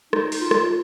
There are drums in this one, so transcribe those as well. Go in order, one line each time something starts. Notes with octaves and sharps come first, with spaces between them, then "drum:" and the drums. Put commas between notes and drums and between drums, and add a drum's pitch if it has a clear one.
D#4, drum: rim click
drum: open hi-hat
F4
drum: rim click